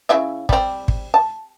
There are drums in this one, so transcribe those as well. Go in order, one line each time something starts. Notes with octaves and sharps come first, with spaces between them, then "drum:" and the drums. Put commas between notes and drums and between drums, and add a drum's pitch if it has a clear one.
C#3 E4 E5
G3 C4, drum: kick G#1
drum: kick G#1
A5